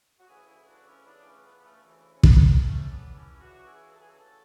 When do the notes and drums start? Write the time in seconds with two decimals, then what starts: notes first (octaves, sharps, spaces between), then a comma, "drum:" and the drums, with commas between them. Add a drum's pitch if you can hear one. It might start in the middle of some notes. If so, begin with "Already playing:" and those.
0.20 F#4
0.27 D2 C#3 E3 E4 G#4
0.47 E4 G#4
0.61 G#4
0.66 D4 F#4
0.86 C#4 E4
1.06 C#2 C#3 E3 B3 D4
1.25 A3 C#4
1.44 B3
1.59 B3
1.64 A3 C#4
1.84 D2 C#3 E3
2.14 C#4
2.23 B3, drum: kick
2.62 C#2 C#3 E3 A3 C#4
2.88 B3 D4
3.14 C#4 E4
3.40 C#2 C#3 E3 D4 F#4
3.66 E4 G#4
3.92 A4
4.00 G#4
4.08 F#4 A4
4.18 D2 C#3 E3 F#4 A4